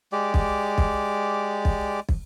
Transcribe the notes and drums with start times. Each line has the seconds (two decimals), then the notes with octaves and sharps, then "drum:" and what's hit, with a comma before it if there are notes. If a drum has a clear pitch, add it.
0.12 G#3 G4 D5
0.34 drum: kick
0.78 drum: kick
1.65 drum: kick
2.09 drum: kick